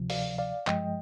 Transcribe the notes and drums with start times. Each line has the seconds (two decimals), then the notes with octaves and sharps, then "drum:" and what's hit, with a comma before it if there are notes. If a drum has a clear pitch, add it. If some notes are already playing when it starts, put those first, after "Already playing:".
Already playing: D2 C3 F3
0.10 D5 F5, drum: open hi-hat
0.38 D5 F5
0.67 G2 F3 G#3 D#5 G5, drum: clap